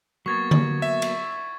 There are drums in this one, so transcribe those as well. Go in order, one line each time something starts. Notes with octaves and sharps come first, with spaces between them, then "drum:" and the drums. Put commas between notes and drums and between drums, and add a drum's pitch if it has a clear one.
F#3 A#3 B3 C#6 G#6 A6
drum: tom D3
E5
drum: cymbal